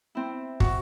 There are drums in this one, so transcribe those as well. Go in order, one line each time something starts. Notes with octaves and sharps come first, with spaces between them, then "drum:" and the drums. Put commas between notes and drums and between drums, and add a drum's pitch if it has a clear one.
C4 E4
F#4, drum: kick